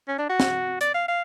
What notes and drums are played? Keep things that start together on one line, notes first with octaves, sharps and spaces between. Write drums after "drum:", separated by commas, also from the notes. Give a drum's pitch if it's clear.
C#4
D4
F#4
drum: snare
D5, drum: hi-hat
F5
F5